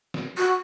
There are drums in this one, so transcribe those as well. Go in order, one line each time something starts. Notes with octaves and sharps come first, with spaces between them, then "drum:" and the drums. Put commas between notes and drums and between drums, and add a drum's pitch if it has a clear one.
drum: snare
F#4